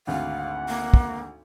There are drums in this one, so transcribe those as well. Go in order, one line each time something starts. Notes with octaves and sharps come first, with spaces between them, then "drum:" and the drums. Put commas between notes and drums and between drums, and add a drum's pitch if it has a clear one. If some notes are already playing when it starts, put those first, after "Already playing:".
G#1 D2 F5 F#5
A#3
drum: kick